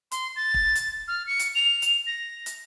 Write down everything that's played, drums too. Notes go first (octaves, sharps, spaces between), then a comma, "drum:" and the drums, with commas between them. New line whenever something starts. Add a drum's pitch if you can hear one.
C6, drum: hi-hat
A6
drum: kick
drum: hi-hat
F6
C#7
drum: hi-hat
F7
drum: hi-hat
A#6
drum: hi-hat